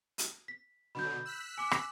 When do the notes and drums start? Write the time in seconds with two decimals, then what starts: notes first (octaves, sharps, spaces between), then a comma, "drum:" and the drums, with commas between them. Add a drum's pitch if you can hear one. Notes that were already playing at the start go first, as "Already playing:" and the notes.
0.18 drum: hi-hat
0.48 B6
0.95 B2 D3 F#3 B5 G6
1.25 E6 F#6 B6
1.58 G#5 D6
1.71 drum: rim click